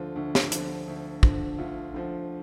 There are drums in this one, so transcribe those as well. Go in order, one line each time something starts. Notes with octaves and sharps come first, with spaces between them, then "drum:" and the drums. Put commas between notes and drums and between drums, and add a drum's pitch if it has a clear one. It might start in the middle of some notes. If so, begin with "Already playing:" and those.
Already playing: D2 D3 F3 F4
D2
drum: snare
D3 F3, drum: hi-hat
D2
D3 F3, drum: kick
D2 F4
D3 F3